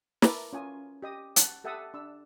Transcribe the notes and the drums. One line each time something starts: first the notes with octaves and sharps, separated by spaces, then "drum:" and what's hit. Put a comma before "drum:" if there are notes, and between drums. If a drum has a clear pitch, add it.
E4 A#4 B4 A5 A#5 D6, drum: snare
C#4 F4 G#5 D#6
G4 D#5 D#6
F#5 A5, drum: hi-hat
G4 A4 E5 F#5 A5 D#6
D4 E6